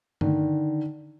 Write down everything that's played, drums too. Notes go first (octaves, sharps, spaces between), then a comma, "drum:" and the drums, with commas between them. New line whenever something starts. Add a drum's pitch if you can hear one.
D3 D#3, drum: tom G2